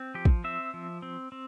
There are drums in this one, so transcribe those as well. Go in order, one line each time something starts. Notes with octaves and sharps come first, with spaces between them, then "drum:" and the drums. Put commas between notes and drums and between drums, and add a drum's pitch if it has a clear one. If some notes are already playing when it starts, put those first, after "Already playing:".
Already playing: C4
F3 G4
drum: kick
C4 E5
F3
C4
C4